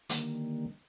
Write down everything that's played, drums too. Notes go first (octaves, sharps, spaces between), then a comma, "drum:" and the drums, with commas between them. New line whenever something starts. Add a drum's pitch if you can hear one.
D3 D#3 G3 A#3, drum: hi-hat